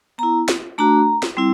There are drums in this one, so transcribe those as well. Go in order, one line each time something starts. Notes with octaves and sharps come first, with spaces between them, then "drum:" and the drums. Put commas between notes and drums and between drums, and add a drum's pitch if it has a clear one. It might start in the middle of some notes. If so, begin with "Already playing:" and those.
B3 E4 A#5
drum: snare
A3 D4 F#4 A#5
drum: snare
G3 C4 E4